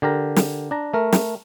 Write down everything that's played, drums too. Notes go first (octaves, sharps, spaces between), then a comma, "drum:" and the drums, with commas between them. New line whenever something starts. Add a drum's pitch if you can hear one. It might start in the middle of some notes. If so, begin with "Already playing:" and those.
D3 G4 A#4 A#5
drum: snare
D4 A#5
A3 A#4
drum: snare